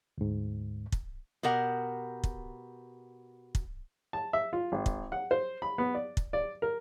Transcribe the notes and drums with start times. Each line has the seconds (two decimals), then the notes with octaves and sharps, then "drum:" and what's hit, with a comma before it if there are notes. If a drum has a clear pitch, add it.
0.18 D2 G#2
0.92 drum: kick
1.43 B2 G4 A#4 F#5
2.24 drum: kick
3.55 drum: kick
4.13 A5
4.33 E5
4.53 F4
4.72 G#1
4.86 drum: kick
5.12 F#5
5.31 C5
5.62 B5
5.78 B3
5.94 D5
6.17 drum: kick
6.33 D5
6.62 A#4